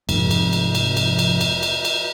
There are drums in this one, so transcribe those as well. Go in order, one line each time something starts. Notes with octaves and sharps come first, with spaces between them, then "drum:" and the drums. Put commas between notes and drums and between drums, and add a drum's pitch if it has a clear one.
F1 F2 G#2, drum: cymbal
drum: cymbal
drum: cymbal
drum: cymbal
drum: cymbal
drum: cymbal
drum: cymbal
drum: cymbal
drum: cymbal